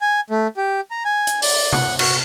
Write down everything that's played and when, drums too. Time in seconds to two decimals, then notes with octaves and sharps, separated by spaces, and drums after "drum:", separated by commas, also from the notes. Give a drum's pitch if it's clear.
0.01 G#5
0.30 A3
0.57 G4
0.91 A#5
1.05 G#5
1.27 drum: hi-hat
1.42 D5, drum: open hi-hat
1.73 F#5, drum: tom C3
1.99 F#4, drum: cymbal